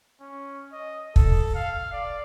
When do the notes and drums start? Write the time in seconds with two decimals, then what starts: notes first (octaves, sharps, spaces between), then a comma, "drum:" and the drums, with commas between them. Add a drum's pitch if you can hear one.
0.21 C#4
0.72 D#5
1.16 A4, drum: kick
1.55 F5
1.93 D5